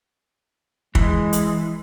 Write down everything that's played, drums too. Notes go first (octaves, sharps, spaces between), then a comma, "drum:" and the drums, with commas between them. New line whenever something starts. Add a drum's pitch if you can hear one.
E3 G#3, drum: kick
drum: hi-hat